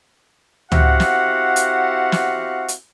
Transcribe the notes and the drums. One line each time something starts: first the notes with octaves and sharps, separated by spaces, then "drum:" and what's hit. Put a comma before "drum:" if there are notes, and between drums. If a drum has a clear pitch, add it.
C4 E4 F#4 G4 F5 F#5, drum: tom C#2
drum: snare
drum: hi-hat
drum: snare
drum: hi-hat